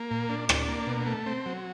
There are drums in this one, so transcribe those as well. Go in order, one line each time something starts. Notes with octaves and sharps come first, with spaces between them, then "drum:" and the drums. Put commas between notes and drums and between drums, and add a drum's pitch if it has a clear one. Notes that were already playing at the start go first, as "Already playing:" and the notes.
Already playing: A#3
A#2
D4
D4, drum: rim click
A#3
B2
A3
C4
F#3